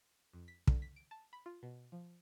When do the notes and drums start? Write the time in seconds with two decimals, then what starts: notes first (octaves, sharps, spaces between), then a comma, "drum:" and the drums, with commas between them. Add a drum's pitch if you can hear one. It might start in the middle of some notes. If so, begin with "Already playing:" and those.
0.33 F2
0.48 B6
0.67 D3, drum: kick
0.82 B6
0.96 D7
1.11 A5
1.33 B5
1.46 F4
1.63 B2
1.92 F3